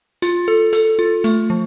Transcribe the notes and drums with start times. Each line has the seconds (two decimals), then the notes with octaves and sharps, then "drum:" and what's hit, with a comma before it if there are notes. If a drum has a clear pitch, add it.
0.22 F4, drum: hi-hat
0.48 A4
0.73 A4, drum: hi-hat
0.99 F4
1.24 A3, drum: hi-hat
1.50 F3